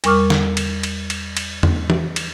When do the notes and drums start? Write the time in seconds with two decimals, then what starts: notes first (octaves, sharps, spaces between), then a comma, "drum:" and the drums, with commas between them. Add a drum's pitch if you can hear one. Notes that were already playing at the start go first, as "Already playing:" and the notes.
0.04 E2 G3 A#4 C#6 D6 F6, drum: cymbal
0.30 drum: snare
0.57 drum: cymbal
0.83 drum: cymbal
1.10 drum: cymbal
1.37 drum: cymbal
1.63 drum: tom E2
1.90 drum: tom E3
2.16 drum: cymbal